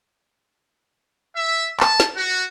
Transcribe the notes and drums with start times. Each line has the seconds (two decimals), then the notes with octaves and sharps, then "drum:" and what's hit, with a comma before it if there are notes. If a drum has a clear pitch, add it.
1.36 E5
1.80 A5, drum: clap
2.00 drum: snare
2.16 F#4